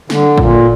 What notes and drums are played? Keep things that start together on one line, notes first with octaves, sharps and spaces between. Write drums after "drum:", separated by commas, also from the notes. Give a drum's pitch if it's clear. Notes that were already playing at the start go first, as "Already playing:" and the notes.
D3, drum: snare
A#2, drum: kick